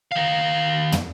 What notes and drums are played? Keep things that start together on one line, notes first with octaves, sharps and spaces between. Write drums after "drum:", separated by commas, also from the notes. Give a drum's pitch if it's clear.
D#3 F5
drum: tom